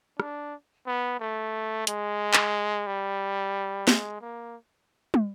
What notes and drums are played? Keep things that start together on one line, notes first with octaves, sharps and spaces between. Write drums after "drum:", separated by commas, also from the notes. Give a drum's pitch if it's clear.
D4, drum: rim click
B3
A3
G#3, drum: hi-hat
drum: clap
G3
G#3, drum: snare
A#3
drum: tom